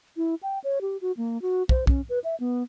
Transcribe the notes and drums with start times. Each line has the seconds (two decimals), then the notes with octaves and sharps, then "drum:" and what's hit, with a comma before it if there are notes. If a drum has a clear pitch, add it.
0.17 E4
0.43 G5
0.64 C#5
0.81 G4
1.01 F#4
1.17 A#3
1.42 F#4
1.69 C5, drum: kick
1.87 C#4, drum: kick
2.09 B4
2.24 E5
2.40 B3